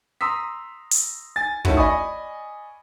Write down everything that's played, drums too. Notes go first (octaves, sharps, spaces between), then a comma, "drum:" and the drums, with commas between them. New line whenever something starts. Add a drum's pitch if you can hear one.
A#5 C6 D#6 E6 B6
drum: hi-hat
G#5 A6
D#3 A3 C#4 E4 F#4, drum: kick
D5 D#5 G#5 B5 C#6 D#6